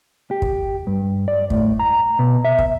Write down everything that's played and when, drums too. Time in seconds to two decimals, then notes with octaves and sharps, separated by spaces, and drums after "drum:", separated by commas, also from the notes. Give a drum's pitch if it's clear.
0.31 G4
0.42 drum: kick
0.87 G2
1.28 D5
1.50 A2, drum: kick
1.79 A#5
2.19 B2
2.45 E5
2.59 drum: kick